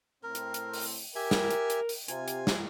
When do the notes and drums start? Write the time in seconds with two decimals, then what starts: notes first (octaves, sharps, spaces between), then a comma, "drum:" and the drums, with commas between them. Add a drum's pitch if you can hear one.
0.23 A2 C4 A#4
0.35 drum: hi-hat
0.54 drum: hi-hat
0.73 drum: open hi-hat
1.15 G4 A#4 E5 G#5
1.31 drum: snare
1.51 drum: hi-hat
1.70 drum: hi-hat
1.89 drum: open hi-hat
2.08 C3 F4 G#5, drum: hi-hat
2.28 drum: hi-hat
2.47 drum: snare